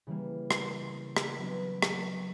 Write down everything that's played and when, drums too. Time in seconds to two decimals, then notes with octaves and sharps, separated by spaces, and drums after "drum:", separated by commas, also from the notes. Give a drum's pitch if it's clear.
0.07 C#3 E3 G3 A#3
0.51 drum: rim click
1.17 drum: rim click
1.38 F#3 B3 D4
1.82 drum: rim click